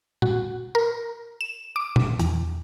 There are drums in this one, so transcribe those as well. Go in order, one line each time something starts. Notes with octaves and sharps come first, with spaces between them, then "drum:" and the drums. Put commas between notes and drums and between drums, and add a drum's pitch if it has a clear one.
F#4, drum: tom A#2
A#4
E7
D6
drum: tom A#2
E2, drum: hi-hat